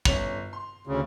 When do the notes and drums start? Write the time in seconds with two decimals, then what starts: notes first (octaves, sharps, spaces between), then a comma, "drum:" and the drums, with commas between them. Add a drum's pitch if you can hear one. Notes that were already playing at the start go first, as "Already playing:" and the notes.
0.05 G1 C#4 F7, drum: kick
0.53 C6
0.87 D2 C#3